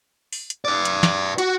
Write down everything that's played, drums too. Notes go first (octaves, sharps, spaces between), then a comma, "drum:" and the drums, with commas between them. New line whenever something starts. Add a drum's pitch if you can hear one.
drum: open hi-hat
drum: hi-hat
B4 D5
drum: hi-hat
drum: snare
F#4, drum: hi-hat